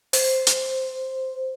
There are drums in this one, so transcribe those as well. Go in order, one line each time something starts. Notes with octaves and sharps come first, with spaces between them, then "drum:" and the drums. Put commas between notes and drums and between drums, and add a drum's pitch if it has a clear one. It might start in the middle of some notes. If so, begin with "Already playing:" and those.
C5, drum: open hi-hat
drum: hi-hat